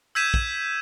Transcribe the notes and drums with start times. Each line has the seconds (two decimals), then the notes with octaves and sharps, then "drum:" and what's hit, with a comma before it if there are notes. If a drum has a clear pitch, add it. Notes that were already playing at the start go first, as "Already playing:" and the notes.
0.15 E6 G6 G#6 B6 D#7 E7
0.34 drum: kick